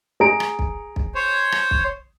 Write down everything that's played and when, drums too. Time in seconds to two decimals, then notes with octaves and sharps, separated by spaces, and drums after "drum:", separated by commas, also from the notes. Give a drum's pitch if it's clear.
0.20 G#4 A#5 D7
0.40 drum: rim click
0.59 drum: kick
0.96 drum: kick
1.15 C5 C#5
1.52 drum: rim click
1.71 drum: kick